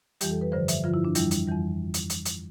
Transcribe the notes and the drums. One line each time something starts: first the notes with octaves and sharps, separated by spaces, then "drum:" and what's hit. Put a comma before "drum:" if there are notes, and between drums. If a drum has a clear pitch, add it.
F2 E3 G3 G4, drum: hi-hat
A4
B4
G2 D3 F3 C5
E5, drum: hi-hat
G2 D3 F3 F4
E4
D4
F2 E3 G3 E4, drum: hi-hat
drum: hi-hat
F2 E3 G3
drum: hi-hat
drum: hi-hat
drum: hi-hat